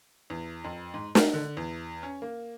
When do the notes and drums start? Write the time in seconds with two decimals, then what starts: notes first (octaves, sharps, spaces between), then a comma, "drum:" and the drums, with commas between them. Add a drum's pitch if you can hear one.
0.30 E2
0.64 F2
0.94 G#2
1.15 A#4, drum: snare
1.33 D3
1.57 E2
2.03 C#4
2.22 A#3